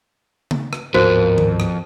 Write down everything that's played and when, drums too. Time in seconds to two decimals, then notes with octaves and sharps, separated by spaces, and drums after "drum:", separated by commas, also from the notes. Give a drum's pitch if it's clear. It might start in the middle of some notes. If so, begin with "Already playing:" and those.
0.51 drum: tom C#3
0.73 drum: rim click
0.94 D1 F2 G#2 B3 F#4 A#4 C5
1.38 drum: tom D#3
1.60 drum: rim click